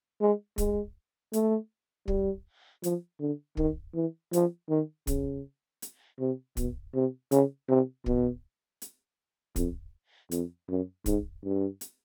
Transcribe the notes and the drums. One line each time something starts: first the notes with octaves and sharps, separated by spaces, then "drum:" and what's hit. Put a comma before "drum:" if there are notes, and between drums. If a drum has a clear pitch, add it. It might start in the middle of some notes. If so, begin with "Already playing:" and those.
G#3
G#3, drum: kick, hi-hat
A3, drum: hi-hat
G3, drum: kick
F3, drum: hi-hat
D3
D#3, drum: kick
E3
F3, drum: hi-hat
D#3
C#3, drum: kick, hi-hat
drum: hi-hat
C3
B2, drum: kick, hi-hat
C3
C#3, drum: hi-hat
C3
B2, drum: kick
drum: hi-hat
F2, drum: kick, hi-hat
F2, drum: hi-hat
F#2
G#2, drum: kick, hi-hat
G2
drum: hi-hat